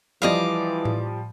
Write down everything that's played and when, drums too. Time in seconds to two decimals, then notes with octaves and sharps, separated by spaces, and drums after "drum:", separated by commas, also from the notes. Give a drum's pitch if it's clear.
0.22 E3 F3 G3 D5 D#5 F5
0.85 drum: tom A2